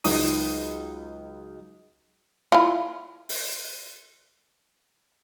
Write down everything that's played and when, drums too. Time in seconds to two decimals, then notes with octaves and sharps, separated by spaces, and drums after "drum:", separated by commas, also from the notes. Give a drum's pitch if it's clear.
0.04 C#2 F#3 D#4 D#6 D#7, drum: open hi-hat
2.52 E4 F4
3.29 drum: open hi-hat